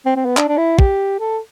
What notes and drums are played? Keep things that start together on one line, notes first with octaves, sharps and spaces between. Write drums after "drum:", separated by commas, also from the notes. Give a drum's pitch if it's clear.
C4
C4
B3
D4, drum: clap
D4
E4
G4, drum: kick
A4